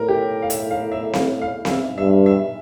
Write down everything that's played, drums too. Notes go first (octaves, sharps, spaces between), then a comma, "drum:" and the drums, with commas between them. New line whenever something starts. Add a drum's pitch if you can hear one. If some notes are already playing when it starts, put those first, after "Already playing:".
Already playing: A2 A#4
G4
F5
E5, drum: hi-hat
F5
E5
F5, drum: snare C4
F5
F5, drum: snare C4
E5
G2 E5
E5